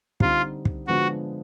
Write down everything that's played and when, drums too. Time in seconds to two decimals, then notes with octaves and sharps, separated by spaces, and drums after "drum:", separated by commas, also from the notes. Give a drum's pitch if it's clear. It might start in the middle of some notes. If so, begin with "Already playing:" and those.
0.20 D3 G3 C4 D#4 F4, drum: kick
0.65 drum: kick
0.87 D3 F3 G#3 B3 D4 F#4